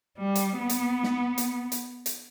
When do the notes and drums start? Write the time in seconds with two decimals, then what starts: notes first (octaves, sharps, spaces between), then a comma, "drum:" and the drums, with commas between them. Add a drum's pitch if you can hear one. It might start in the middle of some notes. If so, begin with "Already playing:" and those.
0.18 G3
0.35 drum: hi-hat
0.59 B3
0.69 drum: hi-hat
1.04 drum: snare
1.38 drum: hi-hat
1.72 drum: hi-hat
2.06 drum: hi-hat